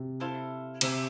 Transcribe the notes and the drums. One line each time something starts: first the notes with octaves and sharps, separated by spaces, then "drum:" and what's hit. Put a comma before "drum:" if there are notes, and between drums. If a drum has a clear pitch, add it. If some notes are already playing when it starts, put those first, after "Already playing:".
Already playing: C3
E4 A4 C5 F5
C3 G4 C5 E5 G#5, drum: cymbal